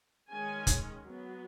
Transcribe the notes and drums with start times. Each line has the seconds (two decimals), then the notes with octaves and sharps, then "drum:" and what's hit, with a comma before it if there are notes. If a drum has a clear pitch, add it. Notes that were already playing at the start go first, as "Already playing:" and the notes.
0.30 D#3 G#3 C#4 G#5
0.67 drum: kick, hi-hat
1.03 F#3 B3